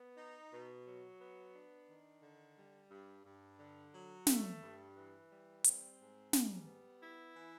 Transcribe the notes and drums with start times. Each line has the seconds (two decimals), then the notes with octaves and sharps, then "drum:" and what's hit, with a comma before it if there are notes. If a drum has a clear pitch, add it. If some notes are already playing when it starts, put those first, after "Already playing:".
Already playing: B3
0.16 D#4
0.51 B2
0.85 F#3
1.19 B3
1.53 D4
1.88 D#3
2.22 D3
2.56 G3
2.91 G2
3.24 G2
3.58 D3
3.93 F#3
4.27 A3, drum: snare
4.61 G2
4.95 E3
5.30 G3
5.64 C4, drum: hi-hat
5.99 G#2
6.33 G3, drum: snare
6.66 B3
7.02 E4
7.35 E3